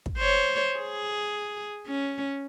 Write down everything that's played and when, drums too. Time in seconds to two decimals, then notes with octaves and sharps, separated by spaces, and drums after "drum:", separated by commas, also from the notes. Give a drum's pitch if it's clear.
0.06 drum: kick
0.18 C5 C#5
0.79 G#4
1.87 C#4